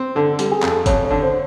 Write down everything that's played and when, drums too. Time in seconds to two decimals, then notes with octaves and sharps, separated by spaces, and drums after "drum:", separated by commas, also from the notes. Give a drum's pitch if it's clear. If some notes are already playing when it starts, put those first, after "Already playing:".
Already playing: C4
0.15 D3 A4
0.33 A4
0.39 G3, drum: hi-hat
0.51 G#4
0.62 F2, drum: clap
0.69 A4
0.86 F2 C#5, drum: kick F#1, hi-hat
1.04 C#5
1.10 D3
1.22 C5